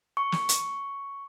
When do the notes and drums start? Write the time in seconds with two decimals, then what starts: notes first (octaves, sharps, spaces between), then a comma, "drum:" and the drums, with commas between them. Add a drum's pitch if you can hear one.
0.17 C#6
0.32 drum: snare
0.49 drum: hi-hat